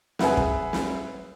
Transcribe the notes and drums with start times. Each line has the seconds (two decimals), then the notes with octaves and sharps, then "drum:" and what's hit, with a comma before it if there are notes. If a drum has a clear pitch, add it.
0.19 G#4 B4 E5 F#5, drum: snare
0.37 drum: kick
0.73 drum: snare